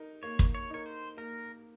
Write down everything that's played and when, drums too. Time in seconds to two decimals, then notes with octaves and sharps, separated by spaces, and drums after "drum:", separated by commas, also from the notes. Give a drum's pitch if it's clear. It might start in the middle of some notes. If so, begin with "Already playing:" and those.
Already playing: D#4 A#4
0.23 A#3 C#5
0.39 drum: kick
0.55 C#5
0.70 D#4 A#4 C#5
0.86 C5
1.17 A#3 A#4